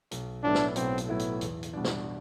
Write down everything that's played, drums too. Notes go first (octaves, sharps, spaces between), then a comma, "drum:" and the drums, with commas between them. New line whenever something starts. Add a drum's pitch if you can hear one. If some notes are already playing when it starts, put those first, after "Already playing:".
B1, drum: hi-hat
A2 F#3 B3 D4 E4
drum: snare
B1 C4, drum: hi-hat
drum: hi-hat
A2 F#3 B3 E4
drum: hi-hat
E2, drum: hi-hat
drum: hi-hat
B2 G3 D4
drum: snare